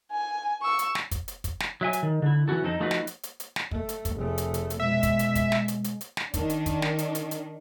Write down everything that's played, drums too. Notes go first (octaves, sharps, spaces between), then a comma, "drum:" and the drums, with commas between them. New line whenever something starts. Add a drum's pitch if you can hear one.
G#5
C#6 E6
drum: hi-hat
drum: snare
drum: kick, hi-hat
drum: hi-hat
drum: kick, hi-hat
drum: snare
F#3 E5 G#5
drum: hi-hat
D#3
D3 E4
E3 C#4 E4 F#4 A4
F2 C4 D#4 A4
F3 A3 D#4 F4 F#4 B4
drum: snare
drum: hi-hat
drum: hi-hat
drum: hi-hat
drum: snare
A3, drum: kick
drum: hi-hat
drum: kick, hi-hat
F1 A3 G#4
drum: hi-hat
drum: hi-hat
drum: hi-hat
B2 G#3 E5
drum: kick, hi-hat
drum: hi-hat
drum: kick, hi-hat
drum: snare
drum: hi-hat
drum: hi-hat
drum: hi-hat
drum: snare
D#3 D4, drum: kick, hi-hat
drum: hi-hat
drum: kick, hi-hat
drum: snare
drum: hi-hat
drum: hi-hat
drum: hi-hat